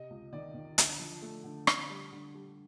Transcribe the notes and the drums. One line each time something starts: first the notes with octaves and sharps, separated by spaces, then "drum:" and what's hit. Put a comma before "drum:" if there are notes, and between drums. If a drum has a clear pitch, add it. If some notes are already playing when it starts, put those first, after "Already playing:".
Already playing: C3 D#5
C#2
D#3 D5
D#3
D3, drum: hi-hat
F3
A3
D3
D3, drum: rim click
G3
D3
G3